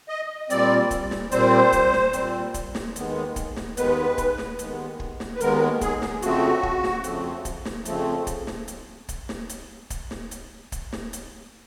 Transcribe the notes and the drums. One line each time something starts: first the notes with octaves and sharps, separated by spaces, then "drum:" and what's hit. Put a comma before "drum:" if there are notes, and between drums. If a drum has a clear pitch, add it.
D#5
A#2 G3 C4 D5, drum: hi-hat
drum: kick, hi-hat
drum: snare
A#2 G3 C4 C5, drum: hi-hat
drum: kick, hi-hat
drum: snare
A#2 G3 C4, drum: hi-hat
drum: kick, hi-hat
drum: snare
D#2 D#3 G#3 B3, drum: hi-hat
drum: kick, hi-hat
drum: snare
D#2 D#3 G#3 B3 B4, drum: hi-hat
drum: kick, hi-hat
drum: snare
D#2 D#3 G#3 B3, drum: hi-hat
drum: kick
drum: snare
B4
D#2 D#3 G#3 B3 A#4, drum: hi-hat
G#4, drum: kick, hi-hat
drum: snare
F2 C#3 F3 A3 C4 F#4, drum: hi-hat
drum: kick
drum: snare
F2 C#3 F3 A3 C4, drum: hi-hat
drum: kick, hi-hat
drum: snare
F2 C#3 F3 A3 C4, drum: hi-hat
drum: kick, hi-hat
drum: snare
drum: hi-hat
drum: kick, hi-hat
drum: snare
drum: hi-hat
drum: kick, hi-hat
drum: snare
drum: hi-hat
drum: kick, hi-hat
drum: snare
drum: hi-hat